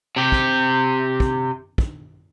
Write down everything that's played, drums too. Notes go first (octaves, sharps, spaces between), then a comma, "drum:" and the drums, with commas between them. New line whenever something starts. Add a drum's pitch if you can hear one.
C3 G4
drum: kick
drum: kick
drum: kick